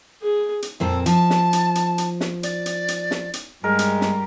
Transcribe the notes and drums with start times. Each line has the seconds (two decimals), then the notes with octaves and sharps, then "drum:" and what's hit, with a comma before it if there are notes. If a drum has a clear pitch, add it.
0.22 G#4
0.62 drum: hi-hat
0.80 F2 A#2 C4 A4
1.06 F3 A5, drum: hi-hat
1.30 drum: snare
1.53 drum: hi-hat
1.75 drum: hi-hat
1.98 drum: hi-hat
2.21 drum: snare
2.43 D5, drum: hi-hat
2.66 drum: hi-hat
2.88 drum: hi-hat
3.11 drum: snare
3.33 drum: hi-hat
3.64 G2 G3 G#3 A#4
3.79 drum: hi-hat
4.01 drum: snare